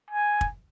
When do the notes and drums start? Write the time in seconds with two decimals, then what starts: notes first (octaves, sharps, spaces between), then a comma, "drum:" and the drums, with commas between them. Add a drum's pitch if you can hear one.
0.10 G#5
0.41 drum: kick